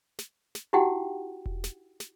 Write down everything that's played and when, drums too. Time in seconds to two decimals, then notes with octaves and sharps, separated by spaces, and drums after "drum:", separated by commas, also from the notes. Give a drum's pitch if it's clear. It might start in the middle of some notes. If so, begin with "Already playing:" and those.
0.19 drum: snare
0.55 drum: snare
0.73 D#4 E4 F#4 G4 F#5 G5
1.46 drum: kick E1
1.64 drum: snare
2.00 drum: snare